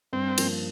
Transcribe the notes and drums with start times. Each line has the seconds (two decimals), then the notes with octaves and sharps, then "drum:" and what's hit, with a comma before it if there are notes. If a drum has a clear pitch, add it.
0.13 G2 C4
0.38 F3 A#3, drum: cymbal